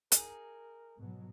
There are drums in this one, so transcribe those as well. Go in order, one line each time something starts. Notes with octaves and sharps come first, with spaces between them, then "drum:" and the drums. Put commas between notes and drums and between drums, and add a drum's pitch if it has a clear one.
D#4 G#4 A#4, drum: hi-hat
G#2 B2 F#3